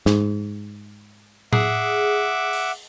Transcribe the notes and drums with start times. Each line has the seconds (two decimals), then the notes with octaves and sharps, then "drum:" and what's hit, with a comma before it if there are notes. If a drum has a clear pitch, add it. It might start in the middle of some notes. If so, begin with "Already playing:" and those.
0.06 G#2, drum: snare
1.53 G#4 E5 F#5 D6, drum: tom A2
2.53 drum: open hi-hat